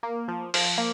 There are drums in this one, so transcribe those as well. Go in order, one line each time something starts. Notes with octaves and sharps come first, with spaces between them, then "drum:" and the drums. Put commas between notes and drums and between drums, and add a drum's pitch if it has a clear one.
A#3
F3
F3, drum: open hi-hat
A#3